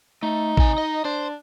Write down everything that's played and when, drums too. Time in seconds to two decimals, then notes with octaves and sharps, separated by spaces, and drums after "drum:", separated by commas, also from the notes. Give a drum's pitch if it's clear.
0.23 A3 D#4
0.57 C3 G#5, drum: kick
0.78 D#5
1.05 D4 C5